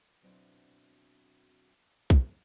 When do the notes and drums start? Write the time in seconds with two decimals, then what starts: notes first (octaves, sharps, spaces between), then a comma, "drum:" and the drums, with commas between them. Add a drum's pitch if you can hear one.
0.22 B2 F#3 C4 D4 E4 F#4
2.10 drum: kick B1